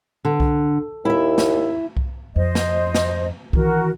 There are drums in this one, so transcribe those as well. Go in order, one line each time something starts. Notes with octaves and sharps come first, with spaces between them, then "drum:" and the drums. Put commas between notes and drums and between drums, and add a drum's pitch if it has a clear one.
D3
drum: kick C2
D#2 E4 E5
drum: snare
drum: kick C2
F2 C5 D#5
drum: snare
drum: snare
D#3 E3 F#4 A#4, drum: kick C2